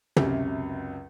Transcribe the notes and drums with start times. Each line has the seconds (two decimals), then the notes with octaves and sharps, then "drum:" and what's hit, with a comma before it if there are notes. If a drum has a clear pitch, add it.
0.16 C#2 F#2 C3, drum: tom